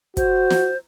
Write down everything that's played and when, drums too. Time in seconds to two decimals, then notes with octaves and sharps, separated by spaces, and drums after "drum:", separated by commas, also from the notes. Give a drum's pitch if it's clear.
0.17 F#4 C5, drum: kick, hi-hat
0.50 drum: snare